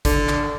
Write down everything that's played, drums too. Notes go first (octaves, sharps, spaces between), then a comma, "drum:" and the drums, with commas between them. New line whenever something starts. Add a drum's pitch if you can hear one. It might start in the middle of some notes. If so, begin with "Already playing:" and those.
D3, drum: kick, hi-hat
drum: clap